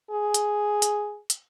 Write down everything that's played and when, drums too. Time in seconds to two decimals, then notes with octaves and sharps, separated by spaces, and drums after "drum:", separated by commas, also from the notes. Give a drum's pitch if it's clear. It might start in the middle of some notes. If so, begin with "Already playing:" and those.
0.11 G#4
0.34 drum: hi-hat
0.82 drum: hi-hat
1.30 drum: hi-hat